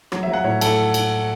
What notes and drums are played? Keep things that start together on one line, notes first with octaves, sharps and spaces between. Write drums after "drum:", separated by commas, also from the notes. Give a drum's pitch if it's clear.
F#3, drum: rim click
F#3 E5
F#5
A2 C#5
A2 A4, drum: cymbal
drum: cymbal